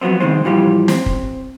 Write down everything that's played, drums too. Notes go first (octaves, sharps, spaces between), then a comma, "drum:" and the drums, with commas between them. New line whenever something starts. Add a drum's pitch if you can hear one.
F3 F#3 A3 B3 C4
C2 G#2 D#3 G#3 C4
A2 E3 F3 G3 G4
C4, drum: snare
drum: kick